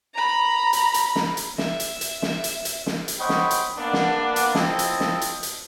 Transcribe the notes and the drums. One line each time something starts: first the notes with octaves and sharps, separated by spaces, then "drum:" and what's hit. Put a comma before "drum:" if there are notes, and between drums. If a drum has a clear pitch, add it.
A#5 B5
drum: hi-hat
drum: hi-hat
drum: snare
drum: hi-hat
E5, drum: snare
drum: hi-hat
drum: hi-hat
drum: snare
drum: hi-hat
drum: hi-hat
drum: snare
drum: hi-hat
C5 C#5 D#5 F#5 G5 B5
drum: snare
drum: hi-hat
A#3 B3 D4
drum: snare
drum: hi-hat
F3 C4 E4 A4 D#5 G5, drum: snare
drum: hi-hat
drum: snare
drum: hi-hat
drum: hi-hat